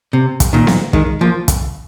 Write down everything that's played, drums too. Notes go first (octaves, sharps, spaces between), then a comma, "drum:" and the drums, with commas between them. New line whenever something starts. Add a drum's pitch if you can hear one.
C3
drum: kick, hi-hat
A#2 D#3
drum: snare B3
D#3 G#3, drum: kick
F3 A#3
drum: kick, hi-hat